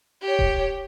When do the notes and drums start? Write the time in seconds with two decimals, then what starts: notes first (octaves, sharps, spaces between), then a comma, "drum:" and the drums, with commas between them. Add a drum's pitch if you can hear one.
0.22 G4 C#5
0.39 drum: kick D#1